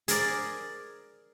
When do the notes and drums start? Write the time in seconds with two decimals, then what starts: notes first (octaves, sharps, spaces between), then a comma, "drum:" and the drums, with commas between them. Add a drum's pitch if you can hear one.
0.08 G#4 A#4 D5, drum: hi-hat